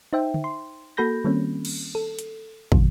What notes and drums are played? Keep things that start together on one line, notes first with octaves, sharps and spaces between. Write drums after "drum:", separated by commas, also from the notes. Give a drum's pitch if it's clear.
D#4 C5 E5 G5
drum: tom D3
C6
A#3 F#4 A4 B5 G6 A#6
D#3 G3 A#3 C4 C#4
drum: cymbal
A4
drum: hi-hat
A#1 F2 B2 D3 F#3, drum: kick